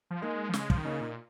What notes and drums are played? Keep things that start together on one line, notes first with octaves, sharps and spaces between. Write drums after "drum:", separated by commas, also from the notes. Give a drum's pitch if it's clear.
F3
G#3 A#3 D#4
F3
C#3 G#3, drum: snare
F3, drum: kick
D#3
C#3 A#3 D#4
A#2